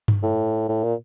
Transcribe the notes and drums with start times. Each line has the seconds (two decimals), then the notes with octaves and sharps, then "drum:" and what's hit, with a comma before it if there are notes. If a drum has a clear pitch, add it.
0.08 drum: tom G2
0.23 A2
0.69 A2
0.84 A#2